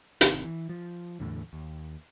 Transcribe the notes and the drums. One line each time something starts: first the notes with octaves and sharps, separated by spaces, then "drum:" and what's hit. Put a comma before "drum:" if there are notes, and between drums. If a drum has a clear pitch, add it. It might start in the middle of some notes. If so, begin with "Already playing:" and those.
G#1 C3 D#3, drum: hi-hat
E3
F3
E2 A2 D3
D#2